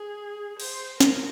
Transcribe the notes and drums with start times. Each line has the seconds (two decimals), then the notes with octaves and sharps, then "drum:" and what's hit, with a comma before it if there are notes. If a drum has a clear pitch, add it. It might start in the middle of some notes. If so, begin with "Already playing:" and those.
Already playing: G#4
0.60 C5, drum: cymbal
1.00 A#4, drum: snare